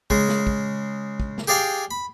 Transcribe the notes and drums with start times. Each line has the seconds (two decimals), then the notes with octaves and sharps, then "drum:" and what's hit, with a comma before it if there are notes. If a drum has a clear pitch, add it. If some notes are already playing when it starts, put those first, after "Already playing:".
0.10 C#3 G#3, drum: kick
0.28 drum: snare
0.47 drum: kick
1.20 drum: kick
1.38 drum: snare
1.48 G4 G#4 D5 F5 G5 G#5
1.91 B5